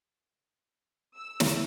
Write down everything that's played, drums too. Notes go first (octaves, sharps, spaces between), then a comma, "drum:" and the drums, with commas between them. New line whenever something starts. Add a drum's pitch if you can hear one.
E6
drum: snare